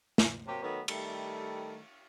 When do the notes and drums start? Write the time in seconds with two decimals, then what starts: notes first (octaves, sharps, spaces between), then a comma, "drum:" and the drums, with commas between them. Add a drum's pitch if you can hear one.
0.18 drum: snare
0.47 C3 F#3 A#3 G4
0.62 D#3 F#3 A3 B3
0.88 D#3 G3 A3, drum: cymbal